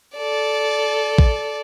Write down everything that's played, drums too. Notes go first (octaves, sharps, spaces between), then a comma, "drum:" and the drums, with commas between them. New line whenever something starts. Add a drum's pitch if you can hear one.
A4 D5
drum: kick A1